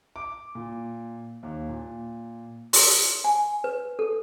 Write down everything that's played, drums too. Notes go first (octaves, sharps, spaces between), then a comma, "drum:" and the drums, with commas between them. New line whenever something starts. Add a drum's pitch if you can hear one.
D6
A#2
D#2
A#2
C6, drum: open hi-hat
G#5
B4
A4